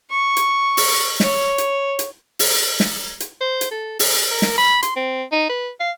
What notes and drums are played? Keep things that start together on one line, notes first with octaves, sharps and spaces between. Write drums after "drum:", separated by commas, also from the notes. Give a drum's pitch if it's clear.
C#6
drum: hi-hat
drum: open hi-hat
C#5, drum: snare
drum: hi-hat
drum: hi-hat
drum: open hi-hat
drum: snare
drum: hi-hat
C5
drum: hi-hat
A4
G#4, drum: open hi-hat
A#4
drum: snare
B5
C6, drum: hi-hat
C4
D#4
B4
F5